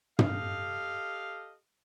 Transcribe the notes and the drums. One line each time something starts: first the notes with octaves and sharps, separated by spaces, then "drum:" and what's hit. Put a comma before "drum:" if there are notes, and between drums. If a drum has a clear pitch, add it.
G4 A4 D#5 F5, drum: tom